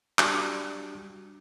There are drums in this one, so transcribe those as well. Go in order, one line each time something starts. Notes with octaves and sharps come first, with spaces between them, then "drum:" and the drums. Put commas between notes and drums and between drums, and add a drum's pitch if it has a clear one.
G3 D4 F#4, drum: clap